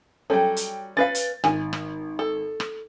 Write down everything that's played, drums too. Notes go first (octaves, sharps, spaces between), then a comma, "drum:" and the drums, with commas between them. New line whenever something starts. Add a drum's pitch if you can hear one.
F#3 G3 C#4 A4 G5
drum: hi-hat
C#4 B4 F5 A6
drum: hi-hat
G#1 G#5, drum: rim click
drum: rim click
A4
drum: rim click